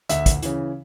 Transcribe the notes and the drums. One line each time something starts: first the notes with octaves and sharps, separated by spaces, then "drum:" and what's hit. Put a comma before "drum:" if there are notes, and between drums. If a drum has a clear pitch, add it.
D2 E5, drum: hi-hat
drum: kick, hi-hat
C#3 E3, drum: hi-hat